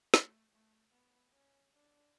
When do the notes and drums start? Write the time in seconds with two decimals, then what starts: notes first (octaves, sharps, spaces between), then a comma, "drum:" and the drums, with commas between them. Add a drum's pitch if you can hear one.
0.14 A3, drum: snare
0.53 A3
0.92 B3
1.33 C#4
1.73 D4